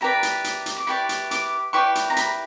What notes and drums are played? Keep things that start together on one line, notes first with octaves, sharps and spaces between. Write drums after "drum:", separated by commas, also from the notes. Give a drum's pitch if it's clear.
E4 G4 B4 D5 A#5
drum: hi-hat
drum: hi-hat
drum: hi-hat
D6
E4 G4 B4 D5 C#6
drum: hi-hat
D6, drum: hi-hat
E4 G4 B4 D5 C#6
drum: hi-hat
A#5
B5, drum: hi-hat